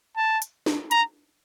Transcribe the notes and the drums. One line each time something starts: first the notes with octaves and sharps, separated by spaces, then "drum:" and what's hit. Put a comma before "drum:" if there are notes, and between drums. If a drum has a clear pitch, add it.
A5
drum: hi-hat
drum: snare
A#5, drum: hi-hat